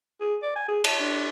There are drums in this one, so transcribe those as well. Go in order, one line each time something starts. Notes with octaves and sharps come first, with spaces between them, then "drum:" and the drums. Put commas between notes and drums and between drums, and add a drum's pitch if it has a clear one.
G#4
D5
G#5
G#4
A5, drum: cymbal
D4